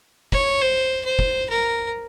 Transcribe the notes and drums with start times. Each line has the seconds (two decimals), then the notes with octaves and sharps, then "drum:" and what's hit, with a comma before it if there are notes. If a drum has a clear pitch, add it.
0.32 C#5, drum: kick
0.61 C5
1.05 C5
1.19 drum: kick
1.49 A#4